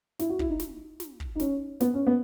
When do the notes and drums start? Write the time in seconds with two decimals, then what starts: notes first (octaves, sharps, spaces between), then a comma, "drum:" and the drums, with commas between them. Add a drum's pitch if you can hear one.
0.19 E4, drum: snare
0.30 F#4
0.39 E4, drum: kick
0.50 D#4
0.60 drum: snare
1.00 drum: snare
1.20 drum: kick
1.35 D#4
1.40 C#4, drum: snare
1.80 B3, drum: snare
1.94 C#4
2.07 B3